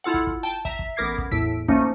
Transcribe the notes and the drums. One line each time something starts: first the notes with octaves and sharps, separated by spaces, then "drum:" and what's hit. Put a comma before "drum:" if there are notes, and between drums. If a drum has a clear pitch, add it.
E4 F4 A4 F#5
drum: kick
drum: kick
G5 A5
E5 A#5, drum: kick
drum: kick
A1 B3 A#4 D6 G#6 C7
drum: kick
E2 A2 E6 B6 D7, drum: kick
F3 A3 A#3 C#4 D#4, drum: kick